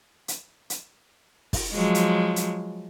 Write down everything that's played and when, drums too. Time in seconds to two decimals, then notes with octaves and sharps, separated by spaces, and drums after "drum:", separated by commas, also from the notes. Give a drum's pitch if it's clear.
0.28 drum: hi-hat
0.70 drum: hi-hat
1.53 drum: kick, open hi-hat
1.74 F3 F#3 G#3
1.95 drum: hi-hat
2.36 drum: hi-hat